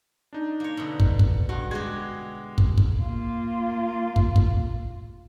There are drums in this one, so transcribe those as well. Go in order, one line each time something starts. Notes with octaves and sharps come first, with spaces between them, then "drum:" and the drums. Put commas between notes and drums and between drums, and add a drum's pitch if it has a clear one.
D4 D#4
A#3 C#5
B2 D3
drum: kick
drum: kick
G2 F#4
G#3 F#4 G4 G#6
drum: kick
drum: kick
A#3 F4
drum: kick
drum: kick